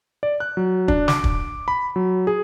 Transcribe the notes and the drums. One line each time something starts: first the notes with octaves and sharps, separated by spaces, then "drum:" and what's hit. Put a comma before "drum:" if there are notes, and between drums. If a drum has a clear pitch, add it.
D5
F#6
F#3
D4, drum: kick
D6, drum: snare
drum: kick
B5
F#3
G#4